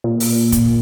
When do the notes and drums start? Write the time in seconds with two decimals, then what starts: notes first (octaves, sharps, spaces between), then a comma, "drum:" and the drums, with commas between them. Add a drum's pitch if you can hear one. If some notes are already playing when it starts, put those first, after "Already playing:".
0.04 A#2
0.20 drum: open hi-hat
0.52 drum: kick, hi-hat